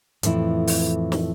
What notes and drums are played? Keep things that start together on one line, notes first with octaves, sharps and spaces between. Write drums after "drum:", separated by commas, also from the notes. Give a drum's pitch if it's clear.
F2 A2 E3 E4, drum: hi-hat
drum: open hi-hat
drum: snare